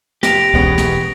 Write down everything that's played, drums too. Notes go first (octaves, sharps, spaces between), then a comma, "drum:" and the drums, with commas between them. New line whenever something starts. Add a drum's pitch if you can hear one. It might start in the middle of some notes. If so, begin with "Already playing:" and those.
F1 G4 A#6 D7 F7, drum: snare
E1 G#3 B3 C#4, drum: kick C2
drum: snare